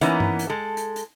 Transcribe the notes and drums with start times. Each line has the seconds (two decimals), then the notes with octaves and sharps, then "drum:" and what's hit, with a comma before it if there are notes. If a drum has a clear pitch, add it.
0.01 E3 A#3 B3 C#4 D#4, drum: hi-hat
0.20 drum: tom G2
0.39 drum: hi-hat
0.50 G#3 A4
0.77 drum: hi-hat
0.96 drum: hi-hat